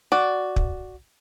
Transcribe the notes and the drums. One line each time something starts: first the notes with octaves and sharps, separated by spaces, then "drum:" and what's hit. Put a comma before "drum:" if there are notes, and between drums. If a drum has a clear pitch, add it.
F#4 D5
drum: kick